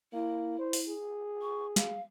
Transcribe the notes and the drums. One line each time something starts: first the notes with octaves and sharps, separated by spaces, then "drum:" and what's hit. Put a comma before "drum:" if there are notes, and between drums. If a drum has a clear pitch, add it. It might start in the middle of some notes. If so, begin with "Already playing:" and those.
A#3 E4
C5
drum: open hi-hat
G#4
C#6
F5, drum: snare